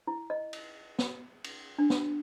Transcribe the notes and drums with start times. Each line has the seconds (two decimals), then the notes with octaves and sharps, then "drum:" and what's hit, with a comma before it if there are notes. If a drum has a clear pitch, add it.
0.07 E4
0.30 D#5
0.53 drum: cymbal
0.99 drum: snare
1.44 drum: cymbal
1.79 D4
1.90 drum: snare